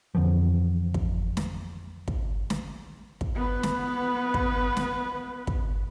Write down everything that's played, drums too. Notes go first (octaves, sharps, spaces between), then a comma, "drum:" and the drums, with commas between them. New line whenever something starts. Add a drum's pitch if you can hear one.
F2 D3 E3 F3
drum: kick
drum: snare
drum: kick
drum: snare
drum: kick
B3 B4
drum: snare
drum: kick
drum: snare
drum: kick